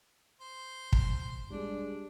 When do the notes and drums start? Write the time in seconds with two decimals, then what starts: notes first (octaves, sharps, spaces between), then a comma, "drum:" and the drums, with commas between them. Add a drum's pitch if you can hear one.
0.41 C5
0.93 drum: kick
1.50 G3 G#3 D4